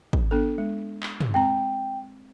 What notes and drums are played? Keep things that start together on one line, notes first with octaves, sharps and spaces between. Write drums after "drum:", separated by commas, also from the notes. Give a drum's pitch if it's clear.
drum: kick
B3 D4 A4
G#3
drum: clap
drum: tom
G#3 C4 G5 A#5